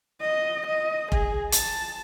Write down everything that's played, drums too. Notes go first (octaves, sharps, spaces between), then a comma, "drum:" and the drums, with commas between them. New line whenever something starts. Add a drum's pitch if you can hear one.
D#5
D#5
G#4, drum: kick F1
A5, drum: hi-hat